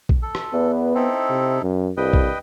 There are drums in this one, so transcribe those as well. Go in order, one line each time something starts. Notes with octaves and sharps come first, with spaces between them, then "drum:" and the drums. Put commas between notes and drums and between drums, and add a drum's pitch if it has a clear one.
drum: kick A#1
A4
drum: rim click
E2 B3
C4 D#4 E4 A4
C3
F#2
C2 G2 B4 D#5 G5
drum: kick A#1